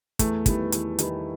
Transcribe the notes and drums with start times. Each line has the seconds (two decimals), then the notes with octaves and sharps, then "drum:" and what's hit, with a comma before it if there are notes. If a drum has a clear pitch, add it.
0.19 E2 A3, drum: kick, hi-hat
0.46 D#3 G3 B3 E4, drum: kick, hi-hat
0.72 E2, drum: hi-hat
0.99 D#3 G3 B3 E4, drum: hi-hat